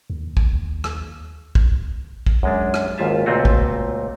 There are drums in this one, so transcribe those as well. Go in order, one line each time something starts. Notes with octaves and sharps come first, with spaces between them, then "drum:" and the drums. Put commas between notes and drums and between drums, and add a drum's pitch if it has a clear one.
D#2
drum: kick
drum: rim click
drum: kick
drum: kick
F#2 G#3 D4
drum: rim click
G#1 D#2 G#2 F4 E5 A5
C#2 A#2 A3 C4 F4 F#4
drum: kick